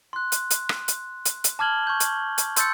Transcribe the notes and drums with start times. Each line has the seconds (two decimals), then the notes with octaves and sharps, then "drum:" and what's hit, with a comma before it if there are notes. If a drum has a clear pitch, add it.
0.13 C6 F#6
0.32 drum: hi-hat
0.50 drum: hi-hat
0.69 drum: rim click
0.88 drum: hi-hat
1.25 drum: hi-hat
1.44 drum: hi-hat
1.59 A5 D6 F6 G#6 F#7 G7
1.87 C#6 G6
2.00 drum: hi-hat
2.38 drum: hi-hat
2.56 C6 E6 G6 A6 C#7, drum: hi-hat